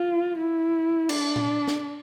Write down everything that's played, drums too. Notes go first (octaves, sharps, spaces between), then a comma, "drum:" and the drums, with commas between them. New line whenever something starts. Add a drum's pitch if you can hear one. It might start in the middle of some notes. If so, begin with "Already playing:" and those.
Already playing: F4
E4
D4, drum: cymbal
drum: tom A#2
drum: snare